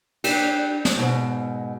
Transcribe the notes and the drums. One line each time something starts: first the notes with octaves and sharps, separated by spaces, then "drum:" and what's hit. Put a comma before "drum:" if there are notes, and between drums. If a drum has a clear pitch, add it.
D4 G4, drum: cymbal
drum: snare
G#2 B2